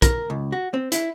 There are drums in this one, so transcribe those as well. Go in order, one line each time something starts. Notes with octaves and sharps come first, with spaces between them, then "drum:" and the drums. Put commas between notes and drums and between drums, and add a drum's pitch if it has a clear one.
A#4, drum: kick, hi-hat
C#2
F#4
C4
E4, drum: hi-hat